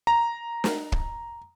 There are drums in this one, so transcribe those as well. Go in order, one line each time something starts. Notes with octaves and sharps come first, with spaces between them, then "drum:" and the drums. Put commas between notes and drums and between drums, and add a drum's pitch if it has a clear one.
A#5
drum: snare
drum: kick